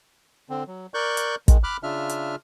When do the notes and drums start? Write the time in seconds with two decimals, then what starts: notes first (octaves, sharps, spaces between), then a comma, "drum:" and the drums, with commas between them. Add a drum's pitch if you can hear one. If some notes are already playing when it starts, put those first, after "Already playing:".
0.50 D3 C4
0.67 F#3
0.94 A#4 D5 C#6 F#6 G6
1.17 drum: hi-hat
1.48 D#3 G#3, drum: kick, hi-hat
1.63 B5 D6 F6 F#6
1.83 C#3 D4 F4 E5 F6
2.09 drum: hi-hat